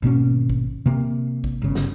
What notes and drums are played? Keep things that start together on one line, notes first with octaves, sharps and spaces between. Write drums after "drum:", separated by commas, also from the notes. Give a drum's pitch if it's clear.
G#1 B2 A#3 C#4
drum: kick A1
C3 A#3
drum: kick A1
G1 C#3
drum: snare